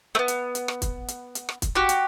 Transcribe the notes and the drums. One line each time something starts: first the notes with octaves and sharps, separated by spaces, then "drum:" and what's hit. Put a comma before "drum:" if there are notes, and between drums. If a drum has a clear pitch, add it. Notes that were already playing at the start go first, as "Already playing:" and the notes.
A3 B3
drum: hi-hat
drum: hi-hat
drum: rim click
drum: kick, hi-hat
drum: hi-hat
drum: hi-hat
drum: rim click
drum: kick, hi-hat
F#4 G4
drum: hi-hat